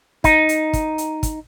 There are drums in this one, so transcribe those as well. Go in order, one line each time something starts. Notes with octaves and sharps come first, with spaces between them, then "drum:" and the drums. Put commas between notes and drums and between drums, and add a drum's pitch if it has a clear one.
D#4, drum: kick, hi-hat
drum: hi-hat
drum: kick, hi-hat
drum: hi-hat
drum: kick, hi-hat